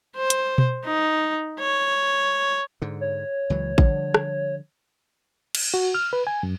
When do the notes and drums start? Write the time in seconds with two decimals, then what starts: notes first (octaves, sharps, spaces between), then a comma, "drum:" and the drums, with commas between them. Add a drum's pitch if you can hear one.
0.17 C5
0.30 drum: hi-hat
0.58 drum: tom B2
0.85 D#4
1.60 C#5
2.82 G#2 D3
3.01 C#5
3.50 C#2 E3 F#3
3.78 D3 F3 G3, drum: kick A1
4.14 drum: rim click
5.55 drum: cymbal
5.74 F#4
5.95 F6
6.13 B4
6.27 G#5
6.43 F#2